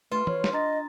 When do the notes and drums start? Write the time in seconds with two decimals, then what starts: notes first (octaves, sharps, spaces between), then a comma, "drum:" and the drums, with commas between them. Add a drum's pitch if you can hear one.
0.12 A3 F4 B4
0.27 C#5 C6, drum: tom
0.44 drum: snare
0.53 D4 D#5 A#5 A6